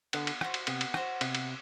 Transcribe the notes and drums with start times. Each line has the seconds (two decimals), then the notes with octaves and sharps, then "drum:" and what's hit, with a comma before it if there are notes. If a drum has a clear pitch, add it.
0.13 D3 B3, drum: cymbal
0.27 drum: cymbal
0.41 F#4 C5, drum: rim click
0.54 drum: cymbal
0.67 C3 B3, drum: cymbal
0.81 drum: cymbal
0.94 F#4 C5, drum: rim click
1.21 C3 B3, drum: cymbal
1.35 drum: cymbal